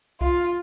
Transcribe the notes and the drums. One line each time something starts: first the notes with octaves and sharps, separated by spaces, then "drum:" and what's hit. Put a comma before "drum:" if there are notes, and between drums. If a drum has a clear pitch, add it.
F4, drum: kick C2